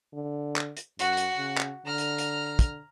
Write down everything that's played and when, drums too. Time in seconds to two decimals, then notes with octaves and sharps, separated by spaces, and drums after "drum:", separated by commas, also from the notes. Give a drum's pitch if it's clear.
0.13 D3
0.56 drum: clap
0.77 drum: hi-hat
0.99 F#2 F#4 F#5, drum: hi-hat
1.17 drum: hi-hat
1.37 C#3
1.58 drum: clap
1.86 D3 A#5 F6
1.98 drum: hi-hat
2.18 drum: hi-hat
2.59 drum: kick, hi-hat